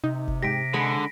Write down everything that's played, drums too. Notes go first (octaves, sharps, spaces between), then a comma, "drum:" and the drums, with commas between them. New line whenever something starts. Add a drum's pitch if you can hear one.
C3 D#4
drum: kick F#1
G#2 G4 A#6 B6 D7
D3 G#3 G#4 B5